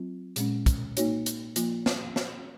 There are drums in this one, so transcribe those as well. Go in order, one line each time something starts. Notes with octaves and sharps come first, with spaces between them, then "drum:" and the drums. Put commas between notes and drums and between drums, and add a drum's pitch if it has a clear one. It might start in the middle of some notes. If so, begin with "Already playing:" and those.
Already playing: F#3 C4 F4
A#2 G#3 C#4, drum: hi-hat
drum: kick, hi-hat
A#3 D#4 F#4 C#5, drum: hi-hat
drum: hi-hat
F3 A#3 F4, drum: hi-hat
drum: snare
drum: snare